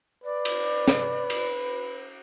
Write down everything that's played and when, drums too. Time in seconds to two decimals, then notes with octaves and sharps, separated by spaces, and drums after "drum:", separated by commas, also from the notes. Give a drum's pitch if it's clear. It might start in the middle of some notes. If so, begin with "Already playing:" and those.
0.24 B4 D5
0.45 drum: cymbal
0.88 drum: snare
1.30 drum: cymbal